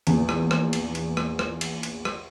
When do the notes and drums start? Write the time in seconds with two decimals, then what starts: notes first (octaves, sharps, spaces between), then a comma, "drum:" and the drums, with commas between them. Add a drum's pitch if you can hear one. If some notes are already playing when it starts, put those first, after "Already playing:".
0.07 A#1 E2, drum: cymbal
0.29 drum: rim click
0.51 drum: rim click
0.73 drum: cymbal
0.95 drum: cymbal
1.17 drum: rim click
1.39 drum: rim click
1.61 drum: cymbal
1.83 drum: cymbal
2.05 drum: rim click